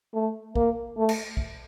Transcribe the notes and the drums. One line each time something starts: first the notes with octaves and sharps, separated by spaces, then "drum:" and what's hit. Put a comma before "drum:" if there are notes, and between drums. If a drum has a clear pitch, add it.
A3
A#3, drum: kick
A3
drum: cymbal
drum: kick